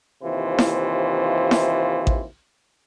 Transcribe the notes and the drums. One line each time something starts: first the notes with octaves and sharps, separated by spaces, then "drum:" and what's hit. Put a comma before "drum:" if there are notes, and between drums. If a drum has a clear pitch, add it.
D#2 C3 E3 F4 C5
drum: snare E4
drum: snare E4
drum: kick A1